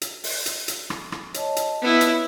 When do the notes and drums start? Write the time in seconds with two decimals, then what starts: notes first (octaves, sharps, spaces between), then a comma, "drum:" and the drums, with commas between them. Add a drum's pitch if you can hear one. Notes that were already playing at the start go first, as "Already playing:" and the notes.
0.01 drum: hi-hat
0.24 drum: open hi-hat
0.46 drum: hi-hat
0.68 drum: hi-hat
0.90 drum: rim click
1.12 drum: rim click
1.34 C#5 D#5 A5, drum: hi-hat
1.56 drum: hi-hat
1.82 B3 E4
2.01 drum: hi-hat